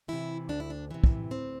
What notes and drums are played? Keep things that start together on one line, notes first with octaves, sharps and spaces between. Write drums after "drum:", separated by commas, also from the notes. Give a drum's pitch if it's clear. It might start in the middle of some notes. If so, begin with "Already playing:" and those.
C3 E3 E4
D2 D4
E4
D4
C3 E3
drum: kick
D2 C4